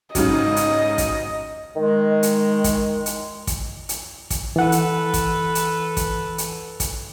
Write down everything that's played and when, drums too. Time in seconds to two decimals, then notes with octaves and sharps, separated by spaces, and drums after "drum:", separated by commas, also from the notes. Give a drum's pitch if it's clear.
0.15 G#2 C#3 F#3 D#5, drum: kick, hi-hat
0.56 drum: hi-hat
0.98 drum: kick, hi-hat
1.76 D#3 G#3
2.23 drum: hi-hat
2.64 drum: kick, hi-hat
3.06 drum: hi-hat
3.47 drum: kick, hi-hat
3.89 drum: hi-hat
4.30 drum: kick, hi-hat
4.56 E3 A4 B4 F#5
4.72 drum: hi-hat
5.14 drum: kick, hi-hat
5.55 drum: hi-hat
5.97 drum: kick, hi-hat
6.38 drum: hi-hat
6.80 drum: kick, hi-hat